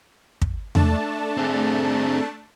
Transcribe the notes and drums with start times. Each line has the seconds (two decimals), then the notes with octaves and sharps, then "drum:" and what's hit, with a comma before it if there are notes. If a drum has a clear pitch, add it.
0.42 drum: kick
0.75 A3 D4 A5, drum: tom E2
1.37 C4 G#4